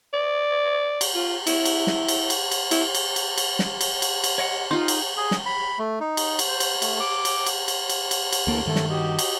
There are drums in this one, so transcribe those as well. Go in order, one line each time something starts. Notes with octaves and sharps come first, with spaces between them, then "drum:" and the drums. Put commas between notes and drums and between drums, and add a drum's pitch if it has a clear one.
D5
drum: cymbal
F4
E4, drum: cymbal
drum: cymbal
drum: snare
drum: cymbal
drum: cymbal
drum: cymbal
E4, drum: cymbal
drum: cymbal
drum: cymbal
drum: cymbal
drum: snare
drum: cymbal
drum: cymbal
drum: cymbal
C#5 D#5 F#5
D#4 F4 C6
drum: cymbal
G#4
drum: snare
B5
A3
D#4
drum: cymbal
drum: cymbal
C5
drum: cymbal
A3, drum: cymbal
D6
drum: cymbal
drum: cymbal
drum: cymbal
drum: cymbal
drum: cymbal
drum: cymbal
D2 E3 A#3 A4 A#4
G2 D#3 A3 A4
drum: snare
F#4 G4 D#5
drum: cymbal